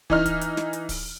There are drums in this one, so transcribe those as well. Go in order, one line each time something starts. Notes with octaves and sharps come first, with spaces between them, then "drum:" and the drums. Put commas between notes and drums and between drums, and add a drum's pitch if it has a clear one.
E3 D#4 F6, drum: kick
drum: kick, hi-hat
drum: hi-hat
drum: snare
drum: hi-hat
drum: kick, open hi-hat